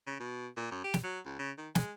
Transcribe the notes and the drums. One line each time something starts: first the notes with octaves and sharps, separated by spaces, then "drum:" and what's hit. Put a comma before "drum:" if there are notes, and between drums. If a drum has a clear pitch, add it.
C#3
B2
A#2
F#2
G4
drum: snare
F#3
C#2
C#3
D#3
G#3, drum: snare